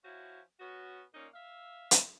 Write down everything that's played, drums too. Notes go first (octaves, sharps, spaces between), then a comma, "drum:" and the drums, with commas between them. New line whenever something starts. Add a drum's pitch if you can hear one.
F3 C#4 E4 F#4
B3 C#4 F#4
A#2 A#3 C#4 D#4
E5 F5
drum: hi-hat